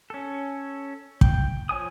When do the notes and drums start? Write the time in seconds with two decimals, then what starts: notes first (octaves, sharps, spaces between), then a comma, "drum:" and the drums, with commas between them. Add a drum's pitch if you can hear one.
0.10 C#4 A4
1.21 G5, drum: kick
1.69 F3 C#5 G#5 D#6